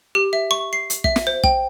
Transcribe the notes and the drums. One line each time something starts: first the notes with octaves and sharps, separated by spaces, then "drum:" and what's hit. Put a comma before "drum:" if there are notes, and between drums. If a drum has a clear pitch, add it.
G4
E5
C#6
C7
drum: hi-hat
E5, drum: kick
drum: snare
C5
G5, drum: kick